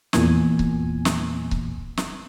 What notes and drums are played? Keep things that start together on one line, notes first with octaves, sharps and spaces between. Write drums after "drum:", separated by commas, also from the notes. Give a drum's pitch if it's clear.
E2 A#2 G#5, drum: snare
drum: kick C#1
drum: snare
drum: kick C#1
drum: snare